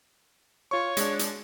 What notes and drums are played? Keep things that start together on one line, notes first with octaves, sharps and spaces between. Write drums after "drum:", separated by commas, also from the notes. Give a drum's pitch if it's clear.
F4 C#5 C#6
G#3 D4, drum: hi-hat
drum: hi-hat